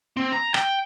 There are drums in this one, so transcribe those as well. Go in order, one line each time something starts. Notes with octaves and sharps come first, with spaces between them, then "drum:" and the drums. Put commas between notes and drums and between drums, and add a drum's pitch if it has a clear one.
C4
A#5
G5, drum: rim click